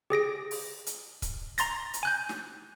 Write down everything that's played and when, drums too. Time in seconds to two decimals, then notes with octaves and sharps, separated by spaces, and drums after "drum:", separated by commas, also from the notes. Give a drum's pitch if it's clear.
0.10 G4 G#4 A#6 D7
0.51 drum: open hi-hat
0.86 drum: hi-hat
1.22 drum: kick, hi-hat
1.58 A#5 C6 A6 A#6, drum: hi-hat
1.94 drum: hi-hat
2.03 G#5 F#6 G6
2.29 drum: snare